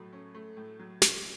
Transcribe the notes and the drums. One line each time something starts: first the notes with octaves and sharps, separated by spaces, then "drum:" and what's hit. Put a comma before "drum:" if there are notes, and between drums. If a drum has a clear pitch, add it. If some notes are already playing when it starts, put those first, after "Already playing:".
Already playing: A2 F#3 A3
C#4
A3
A2
F#3
C#4, drum: snare